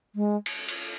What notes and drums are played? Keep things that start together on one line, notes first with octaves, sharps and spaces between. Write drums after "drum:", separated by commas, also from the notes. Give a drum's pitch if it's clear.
G#3
drum: cymbal
drum: cymbal